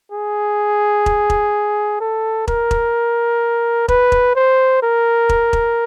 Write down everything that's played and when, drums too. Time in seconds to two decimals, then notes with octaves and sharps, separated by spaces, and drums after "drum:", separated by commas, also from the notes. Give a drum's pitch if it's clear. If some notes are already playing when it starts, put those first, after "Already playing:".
0.12 G#4
1.06 drum: kick E1
1.30 drum: kick E1
2.00 A4
2.48 A#4, drum: kick E1
2.71 drum: kick E1
3.88 B4, drum: kick E1
4.12 drum: kick E1
4.36 C5
4.83 A#4
5.29 drum: kick E1
5.53 drum: kick E1